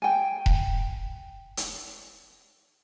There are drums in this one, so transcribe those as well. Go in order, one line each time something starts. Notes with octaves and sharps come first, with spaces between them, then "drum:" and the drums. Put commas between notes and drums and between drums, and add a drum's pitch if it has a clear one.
G5 G#5
drum: kick E1
drum: hi-hat